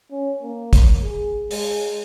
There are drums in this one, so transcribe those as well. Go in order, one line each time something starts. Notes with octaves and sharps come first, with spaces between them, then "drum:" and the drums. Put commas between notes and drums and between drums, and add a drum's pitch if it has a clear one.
C#4
A#3
drum: kick, hi-hat
G#4
G#3, drum: open hi-hat